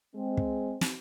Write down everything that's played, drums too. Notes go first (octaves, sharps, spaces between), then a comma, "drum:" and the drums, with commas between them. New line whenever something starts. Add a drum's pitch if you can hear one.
G#3 C4
drum: kick
drum: snare